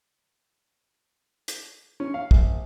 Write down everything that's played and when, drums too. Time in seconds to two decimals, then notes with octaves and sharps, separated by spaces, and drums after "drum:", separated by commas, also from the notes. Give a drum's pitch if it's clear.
1.48 drum: hi-hat
2.00 C#4
2.14 F5
2.31 A#1, drum: kick